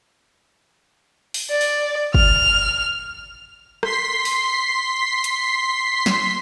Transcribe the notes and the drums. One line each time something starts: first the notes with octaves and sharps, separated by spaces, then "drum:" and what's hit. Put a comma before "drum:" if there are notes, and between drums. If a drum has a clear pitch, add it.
drum: open hi-hat
D5
drum: open hi-hat
F6, drum: kick
C6 B6 C7, drum: rim click
drum: open hi-hat
drum: hi-hat
drum: snare